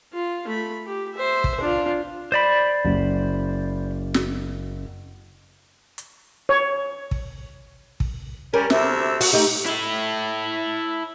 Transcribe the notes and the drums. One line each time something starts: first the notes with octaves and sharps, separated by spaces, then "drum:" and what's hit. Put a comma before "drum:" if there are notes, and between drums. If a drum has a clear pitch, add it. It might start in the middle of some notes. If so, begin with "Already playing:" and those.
F4
A3 B5
G4
C5 E5
drum: kick
D4 F4
C5 D5 B5
F#1
drum: snare
drum: hi-hat
C#5
drum: kick
drum: kick
G3 C#4 A#4
D2 C3 E5, drum: snare
F#4, drum: open hi-hat
A3 D#4 G4
E4 A4, drum: hi-hat